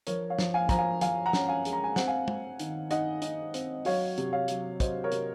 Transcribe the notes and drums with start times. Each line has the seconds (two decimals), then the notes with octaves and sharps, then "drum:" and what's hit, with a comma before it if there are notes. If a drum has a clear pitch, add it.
0.07 F3 A#4 C#5, drum: hi-hat
0.30 C#5 F5
0.39 F3, drum: snare
0.54 F5 G#5
0.69 F3 A#5, drum: kick, hi-hat
0.78 F5 G#5
1.01 F3 F5 G#5, drum: hi-hat
1.26 F#5 A#5
1.33 C#4, drum: snare
1.48 F5 G#5
1.65 G#3, drum: hi-hat
1.73 A#5
1.84 G#5
1.96 C4 F#5, drum: snare
2.07 F5 G#5
2.28 C4, drum: tom
2.59 D#3, drum: hi-hat
2.91 D#4 D#5 F#5, drum: hi-hat
3.22 D#4, drum: hi-hat
3.54 C4, drum: hi-hat
3.85 F#3 C#5 F5, drum: open hi-hat
4.18 C3, drum: hi-hat
4.32 C#5 F5
4.48 F#3, drum: hi-hat
4.80 F#3 C5 D#5, drum: kick, hi-hat
5.04 A#4 C#5
5.12 C3, drum: hi-hat